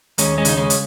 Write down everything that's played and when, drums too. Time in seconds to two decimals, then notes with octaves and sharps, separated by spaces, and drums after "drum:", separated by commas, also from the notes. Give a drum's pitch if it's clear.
0.18 D#2 G#3 C#4, drum: hi-hat
0.38 G#3 C#4
0.45 C#3 D#4, drum: hi-hat
0.57 G#3 C#4
0.70 drum: hi-hat